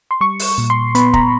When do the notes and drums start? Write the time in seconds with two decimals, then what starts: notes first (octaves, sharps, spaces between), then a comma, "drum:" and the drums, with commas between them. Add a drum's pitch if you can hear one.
0.11 C6
0.21 G3 C#6
0.39 drum: open hi-hat
0.58 A#2
0.70 C6
0.95 B3 B5, drum: hi-hat
1.14 A#5, drum: kick